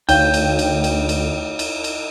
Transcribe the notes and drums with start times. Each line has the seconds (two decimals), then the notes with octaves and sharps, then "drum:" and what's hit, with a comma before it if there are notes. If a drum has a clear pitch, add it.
0.09 D2 D#4 C#5 F5 G5, drum: cymbal
0.34 drum: cymbal
0.59 drum: cymbal
0.84 drum: cymbal
1.09 drum: cymbal
1.59 drum: cymbal
1.84 drum: cymbal